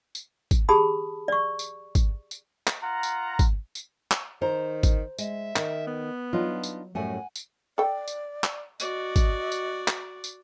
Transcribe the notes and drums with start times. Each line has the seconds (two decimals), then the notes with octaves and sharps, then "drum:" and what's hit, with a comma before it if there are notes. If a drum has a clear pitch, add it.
0.15 drum: tambourine
0.51 drum: kick, tambourine
0.69 G4 G#4 A5 B5 D#6
1.28 D5 C#6
1.59 drum: tambourine
1.95 drum: kick, tambourine
2.31 drum: tambourine
2.67 drum: clap
2.82 F4 F#5 A#5
3.03 drum: tambourine
3.39 drum: kick, tambourine
3.75 drum: tambourine
4.11 drum: clap
4.42 D#3 C5 A#5
4.83 drum: kick, tambourine
5.18 G#3 E5, drum: tambourine
5.56 D#3, drum: clap
5.87 B3
6.33 F#3 D4 D#4 F4
6.64 drum: tambourine
6.95 F#2 A2 G3 A3 F#5 G#5
7.36 drum: tambourine
7.78 A4 D5 G5
8.08 drum: tambourine
8.44 drum: clap
8.80 F#4 D5 D#5, drum: tambourine
9.16 drum: kick, tambourine
9.52 drum: tambourine
9.88 drum: clap
10.24 drum: tambourine